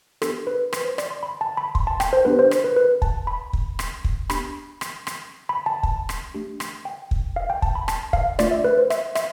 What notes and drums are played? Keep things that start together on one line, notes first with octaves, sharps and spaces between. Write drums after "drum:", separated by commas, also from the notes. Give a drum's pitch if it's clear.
B3 D4 G4 A4, drum: rim click
B4
B4, drum: rim click
C5
D5, drum: rim click
C6
B5
A5
B5
C6, drum: kick
A5
G5, drum: rim click
C5
B3 D4 G4 B4
C5
C5, drum: rim click
B4
B4
A5, drum: kick
B5
drum: kick
drum: rim click
drum: kick
B3 D4 G4 B5, drum: rim click
drum: rim click
drum: rim click
B5
A5
A5, drum: kick
drum: rim click
A3 D4 G4
drum: rim click
G5
drum: kick
F5
G5
A5, drum: kick
B5
A5, drum: rim click
F5, drum: kick
A3 D4 F4 D5, drum: rim click
E5
B4
C5
E5, drum: rim click
E5, drum: rim click